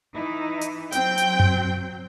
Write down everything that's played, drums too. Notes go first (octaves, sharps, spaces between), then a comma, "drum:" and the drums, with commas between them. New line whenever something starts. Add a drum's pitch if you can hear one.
E3 D#4 E4
drum: hi-hat
F#3 C4 G5, drum: hi-hat
drum: hi-hat
drum: tom F#2